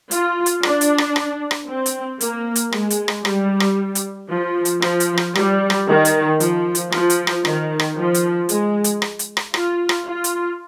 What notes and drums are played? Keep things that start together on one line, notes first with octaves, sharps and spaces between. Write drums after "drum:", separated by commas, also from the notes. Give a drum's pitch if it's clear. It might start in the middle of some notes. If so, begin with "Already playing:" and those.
F4, drum: hi-hat
drum: hi-hat
D4, drum: rim click
drum: hi-hat
drum: rim click
drum: rim click
drum: rim click
C4
drum: hi-hat
A#3, drum: hi-hat
drum: hi-hat
G#3, drum: rim click
drum: hi-hat
drum: rim click
G3, drum: rim click
drum: rim click
drum: hi-hat
F3
drum: hi-hat
F3, drum: rim click
drum: hi-hat
drum: rim click
G3, drum: rim click
drum: rim click
D#3
drum: hi-hat
F3, drum: hi-hat
drum: hi-hat
F3, drum: rim click
drum: hi-hat
drum: rim click
D#3, drum: rim click
drum: rim click
F3
drum: hi-hat
G#3, drum: hi-hat
drum: hi-hat
drum: rim click
drum: hi-hat
drum: rim click
F4, drum: rim click
drum: rim click
F4
drum: hi-hat